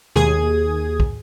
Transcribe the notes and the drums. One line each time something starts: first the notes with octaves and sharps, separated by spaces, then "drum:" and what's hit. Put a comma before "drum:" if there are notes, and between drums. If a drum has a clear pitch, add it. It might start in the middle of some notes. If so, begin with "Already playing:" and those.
D#2 G#4 D#6 G#6, drum: tom B2
drum: kick